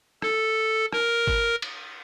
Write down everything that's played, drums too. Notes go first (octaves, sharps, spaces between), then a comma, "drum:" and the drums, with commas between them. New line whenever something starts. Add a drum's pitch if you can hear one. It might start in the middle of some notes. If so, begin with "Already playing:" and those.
A4, drum: rim click
A#4, drum: rim click
drum: kick G#1
drum: cymbal